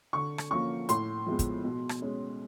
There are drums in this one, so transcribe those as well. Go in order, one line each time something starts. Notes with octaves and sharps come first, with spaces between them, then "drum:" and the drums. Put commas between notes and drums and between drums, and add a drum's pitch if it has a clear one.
D3 C#6
drum: rim click
F3 A#3 C#4 C#6
A2 C6, drum: hi-hat
F3 G#3 B3
drum: kick, hi-hat
B2
drum: rim click
G#3 C#4